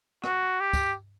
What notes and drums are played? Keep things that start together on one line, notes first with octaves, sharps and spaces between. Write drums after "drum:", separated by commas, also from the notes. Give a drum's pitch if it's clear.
F#4, drum: rim click
G4
drum: kick, tambourine